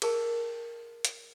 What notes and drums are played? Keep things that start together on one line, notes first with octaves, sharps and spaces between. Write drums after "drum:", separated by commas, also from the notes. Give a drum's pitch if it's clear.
G#4 A#4 A5, drum: cymbal
drum: hi-hat